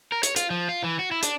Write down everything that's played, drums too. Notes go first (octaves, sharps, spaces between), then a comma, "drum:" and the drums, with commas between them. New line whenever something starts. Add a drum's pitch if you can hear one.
A#4
C#5, drum: hi-hat
F4, drum: hi-hat
F3
F4
E3
F#4
E4
D4, drum: hi-hat